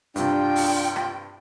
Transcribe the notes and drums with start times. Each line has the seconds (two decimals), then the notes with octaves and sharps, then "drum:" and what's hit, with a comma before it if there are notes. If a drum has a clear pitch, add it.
0.16 G2 C3 D4 F4 G5, drum: hi-hat
0.56 drum: open hi-hat
0.96 drum: rim click